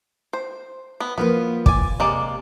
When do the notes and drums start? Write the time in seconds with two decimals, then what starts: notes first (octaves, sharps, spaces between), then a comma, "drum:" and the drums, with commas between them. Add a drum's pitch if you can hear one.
0.33 C5
1.00 B3
1.18 F3 A#3 B3 B4
1.66 D5 G#5, drum: kick
2.00 C3 G#3 A#3 D5